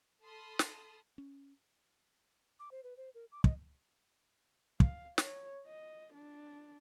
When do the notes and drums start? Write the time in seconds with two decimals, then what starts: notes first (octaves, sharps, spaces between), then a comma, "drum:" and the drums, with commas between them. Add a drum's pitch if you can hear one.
0.23 A4 A5 B5 C6 D#6 F6
0.59 drum: snare
1.18 C#4
2.60 D6
2.71 C5
2.83 B4
2.97 C5
3.15 A#4
3.32 D6
3.44 D#5, drum: kick
4.80 F5, drum: kick
5.18 C#5, drum: snare
5.67 D#5
6.14 D4